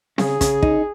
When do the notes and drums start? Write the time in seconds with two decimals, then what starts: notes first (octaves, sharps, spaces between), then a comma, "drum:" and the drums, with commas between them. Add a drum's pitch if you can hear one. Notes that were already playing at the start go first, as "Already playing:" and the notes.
0.18 C#3 G#4, drum: snare C4
0.41 C#3, drum: kick, hi-hat
0.62 D#4, drum: kick